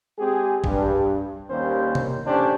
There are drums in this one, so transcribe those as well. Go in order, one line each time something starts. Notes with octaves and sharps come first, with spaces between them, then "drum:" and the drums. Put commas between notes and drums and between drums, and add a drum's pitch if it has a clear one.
G#3 C4 G4 G#4
G2, drum: kick G#1
D#2 G3 A#3 C#4 C5
drum: tom C3
A1 C#4 D4 G4 C5